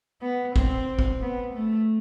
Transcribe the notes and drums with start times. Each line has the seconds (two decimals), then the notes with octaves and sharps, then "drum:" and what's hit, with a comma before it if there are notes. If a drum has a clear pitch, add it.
0.22 B3
0.56 C4, drum: kick
0.99 drum: kick
1.21 B3
1.54 A3